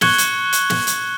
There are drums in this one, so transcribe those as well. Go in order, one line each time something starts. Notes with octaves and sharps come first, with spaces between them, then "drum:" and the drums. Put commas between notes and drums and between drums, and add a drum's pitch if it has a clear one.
C#6 F#6 G#6 C#7 F#7 G7, drum: snare
drum: hi-hat
drum: hi-hat
drum: snare
drum: hi-hat